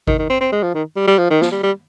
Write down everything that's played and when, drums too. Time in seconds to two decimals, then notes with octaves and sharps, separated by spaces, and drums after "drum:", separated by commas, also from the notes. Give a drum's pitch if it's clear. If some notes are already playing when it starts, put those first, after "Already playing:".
0.07 D#3, drum: kick G#1
0.19 D#3
0.30 C4
0.41 C4
0.52 G#3
0.63 F3
0.75 D#3
0.96 G3
1.07 G3
1.18 F3
1.30 D#3
1.42 F3, drum: snare
1.52 G3
1.63 G3